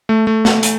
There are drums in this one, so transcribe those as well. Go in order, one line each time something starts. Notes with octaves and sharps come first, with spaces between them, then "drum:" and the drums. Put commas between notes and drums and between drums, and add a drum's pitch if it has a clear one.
A3
A3
drum: snare
drum: hi-hat